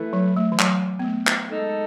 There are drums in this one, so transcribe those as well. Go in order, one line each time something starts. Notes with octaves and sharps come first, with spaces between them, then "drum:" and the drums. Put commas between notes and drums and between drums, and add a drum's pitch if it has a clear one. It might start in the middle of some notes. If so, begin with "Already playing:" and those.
Already playing: E3 A3 E4 B4
F#3
A3
E3
F#3, drum: clap
B3
A3
drum: clap
G#3 D#4 A4